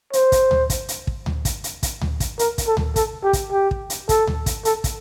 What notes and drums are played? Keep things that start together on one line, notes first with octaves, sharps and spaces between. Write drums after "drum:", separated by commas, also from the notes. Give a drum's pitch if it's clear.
C5, drum: hi-hat
drum: kick, hi-hat
drum: tom D2
drum: kick, hi-hat
drum: hi-hat
drum: kick
drum: tom D2
drum: kick, hi-hat
drum: hi-hat
drum: kick, hi-hat
drum: tom D2
drum: kick, hi-hat
A#4, drum: hi-hat
drum: kick, hi-hat
A4
drum: tom D2
A4, drum: kick, hi-hat
G4
drum: kick, hi-hat
G4
drum: kick
drum: hi-hat
A4, drum: kick, hi-hat
drum: tom D2
drum: kick, hi-hat
A4, drum: hi-hat
drum: kick, hi-hat